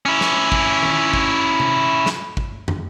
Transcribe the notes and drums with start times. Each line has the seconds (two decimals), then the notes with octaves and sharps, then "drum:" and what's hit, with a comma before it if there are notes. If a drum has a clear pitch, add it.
0.05 C#4 E4
0.21 drum: snare
0.52 drum: kick
0.83 drum: tom D#3
1.13 drum: kick
1.60 drum: tom C3
2.06 drum: snare
2.37 drum: kick
2.68 drum: tom